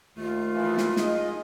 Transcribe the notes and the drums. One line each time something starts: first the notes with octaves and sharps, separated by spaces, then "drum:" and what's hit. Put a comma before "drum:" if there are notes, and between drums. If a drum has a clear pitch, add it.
D#2 A3 F4
E3 F3
drum: snare
D#4 G#4 D#5, drum: snare